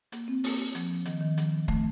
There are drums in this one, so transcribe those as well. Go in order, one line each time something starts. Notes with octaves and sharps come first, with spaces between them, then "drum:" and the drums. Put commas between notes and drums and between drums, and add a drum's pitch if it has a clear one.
A#3, drum: hi-hat
C4
A#3, drum: open hi-hat
F3, drum: hi-hat
D#3, drum: hi-hat
D#3
F3, drum: hi-hat
A3, drum: kick